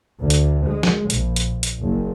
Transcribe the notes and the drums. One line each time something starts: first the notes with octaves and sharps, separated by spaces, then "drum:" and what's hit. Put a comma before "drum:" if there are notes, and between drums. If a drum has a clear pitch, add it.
D2
drum: hi-hat
G#3
drum: snare
A#1, drum: hi-hat
drum: hi-hat
drum: hi-hat
F#1